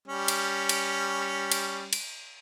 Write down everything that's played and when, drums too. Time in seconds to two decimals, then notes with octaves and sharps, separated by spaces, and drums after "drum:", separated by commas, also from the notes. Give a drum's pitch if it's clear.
0.08 G3 C#4
0.28 drum: cymbal
0.69 drum: cymbal
1.52 drum: cymbal
1.93 drum: cymbal